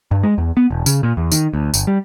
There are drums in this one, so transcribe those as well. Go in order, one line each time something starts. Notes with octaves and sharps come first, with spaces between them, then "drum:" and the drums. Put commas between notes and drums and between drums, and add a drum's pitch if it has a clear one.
G2
G#3
E2
B3
E1
C#3, drum: tambourine
A#2
E2
D#3, drum: tambourine
D2
G1, drum: tambourine
G3